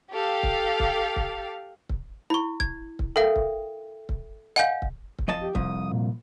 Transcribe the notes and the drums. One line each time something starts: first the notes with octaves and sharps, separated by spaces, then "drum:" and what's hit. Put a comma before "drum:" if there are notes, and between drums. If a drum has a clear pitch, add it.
G4 A4 F5
drum: kick C#1
drum: kick C#1
drum: kick C#1
drum: kick C#1
E4 B5 C#6
G#6, drum: kick C#1
drum: kick C#1
A4 A#4 E5 F5 G5
drum: kick C#1
drum: kick C#1
D#5 F5 F#5 G#5 G6
drum: kick C#1
drum: kick C#1
F2 D#5 A5
G4
C2 F2 D#6, drum: kick C#1
A#2